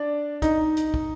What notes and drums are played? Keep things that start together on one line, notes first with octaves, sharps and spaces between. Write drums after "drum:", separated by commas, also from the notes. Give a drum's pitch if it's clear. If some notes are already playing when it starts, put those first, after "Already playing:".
Already playing: D4 D5
D#4, drum: kick, hi-hat
drum: hi-hat
drum: kick